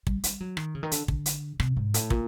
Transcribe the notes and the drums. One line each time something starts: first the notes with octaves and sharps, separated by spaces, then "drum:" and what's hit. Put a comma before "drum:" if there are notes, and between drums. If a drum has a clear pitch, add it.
G3, drum: kick
G3, drum: hi-hat
F#3
D#3, drum: rim click
C#3
D#3
D3, drum: hi-hat
D3, drum: kick
drum: hi-hat
C3, drum: rim click
G#2
A2, drum: hi-hat
A#2, drum: kick